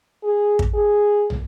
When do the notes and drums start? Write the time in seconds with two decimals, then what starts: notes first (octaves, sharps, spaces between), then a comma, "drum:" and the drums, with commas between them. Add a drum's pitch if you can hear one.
0.24 G#4
0.59 drum: kick
0.74 G#4
1.30 drum: tom